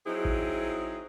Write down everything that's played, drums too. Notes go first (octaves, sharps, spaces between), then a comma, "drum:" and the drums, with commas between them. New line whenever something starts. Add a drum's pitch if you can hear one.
F#3 C4 D#4 E4 G#4
drum: kick A1